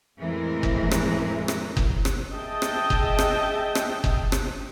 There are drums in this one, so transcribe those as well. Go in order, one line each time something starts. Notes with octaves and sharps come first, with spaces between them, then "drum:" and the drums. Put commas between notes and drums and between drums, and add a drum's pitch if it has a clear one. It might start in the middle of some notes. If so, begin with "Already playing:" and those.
F2 A2 E3 G#3 C4 A#4
drum: kick F#1
drum: rim click
drum: rim click
drum: kick F#1
drum: rim click
G#4 D#5 E5 G5 A5
drum: rim click
drum: kick F#1
drum: rim click
drum: rim click
drum: kick F#1
drum: rim click